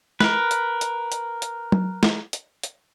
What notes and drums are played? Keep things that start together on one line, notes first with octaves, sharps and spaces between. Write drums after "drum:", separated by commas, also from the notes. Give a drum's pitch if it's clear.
A#4 B4, drum: snare
drum: hi-hat
drum: hi-hat
drum: hi-hat
drum: hi-hat
drum: tom F#3
drum: snare
drum: hi-hat
drum: hi-hat